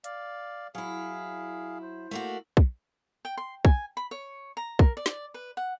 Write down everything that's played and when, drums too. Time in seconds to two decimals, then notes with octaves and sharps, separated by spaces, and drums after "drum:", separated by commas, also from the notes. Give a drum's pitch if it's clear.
0.04 D5 F5, drum: hi-hat
0.75 F#3 E4 G#4 F5
1.82 C5
2.11 A3 A#3 F#4
2.57 drum: kick
3.25 G5
3.37 C6
3.65 G#5, drum: kick
3.97 B5
4.11 C#5
4.57 A#5
4.79 A#4, drum: kick
4.97 D5
5.06 drum: snare
5.34 B4
5.57 F#5